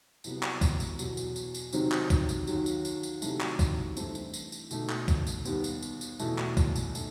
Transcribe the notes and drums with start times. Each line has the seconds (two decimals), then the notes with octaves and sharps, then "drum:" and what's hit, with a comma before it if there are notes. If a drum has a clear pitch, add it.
0.24 C2 C3 F#3 B3, drum: tambourine
0.43 drum: clap
0.61 drum: kick, tambourine
0.80 drum: tambourine
0.99 E2 B2 F#3, drum: tambourine
1.17 drum: tambourine
1.36 drum: tambourine
1.54 drum: tambourine
1.73 C3 D#3 F#3 C4 D#4, drum: tambourine
1.92 drum: clap
2.10 drum: kick, tambourine
2.29 drum: tambourine
2.47 D#2 D#3 F#3, drum: tambourine
2.66 drum: tambourine
2.85 drum: tambourine
3.03 drum: tambourine
3.22 C3 D#3 F#3 A3 E4, drum: tambourine
3.41 drum: clap
3.59 drum: kick, tambourine
3.97 G2 E3 A3 C4 D#4, drum: tambourine
4.15 drum: tambourine
4.34 drum: tambourine
4.52 drum: tambourine
4.71 B2 A3 D#4, drum: tambourine
4.89 drum: clap
5.08 drum: kick, tambourine
5.27 drum: tambourine
5.45 D#2 D#3 G3 B3, drum: tambourine
5.64 drum: tambourine
5.82 drum: tambourine
6.01 drum: tambourine
6.19 E2 B2 A3 E4, drum: tambourine
6.38 drum: clap
6.57 drum: kick, tambourine
6.76 drum: tambourine
6.95 D#3 A3 D#4, drum: tambourine